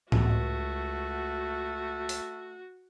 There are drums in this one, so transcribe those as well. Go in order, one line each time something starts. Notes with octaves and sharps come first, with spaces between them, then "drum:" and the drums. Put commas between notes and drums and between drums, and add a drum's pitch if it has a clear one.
C#2 A3 F#4, drum: tom A2
drum: open hi-hat